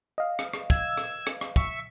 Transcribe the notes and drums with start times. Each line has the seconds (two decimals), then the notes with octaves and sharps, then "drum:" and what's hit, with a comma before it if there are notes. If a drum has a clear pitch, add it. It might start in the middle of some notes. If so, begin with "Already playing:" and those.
0.18 D#5 F5
0.39 drum: rim click
0.54 drum: rim click
0.70 E6 G#6, drum: kick
0.97 drum: rim click
1.27 drum: rim click
1.41 drum: rim click
1.56 E5 C#6, drum: kick